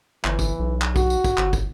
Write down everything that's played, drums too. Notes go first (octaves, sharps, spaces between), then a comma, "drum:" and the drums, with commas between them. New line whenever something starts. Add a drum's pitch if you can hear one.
G1 E3, drum: clap
drum: kick, tambourine
B1
drum: clap
F#4, drum: kick, tambourine
drum: tambourine
drum: kick, tambourine
G1, drum: clap
drum: kick, tambourine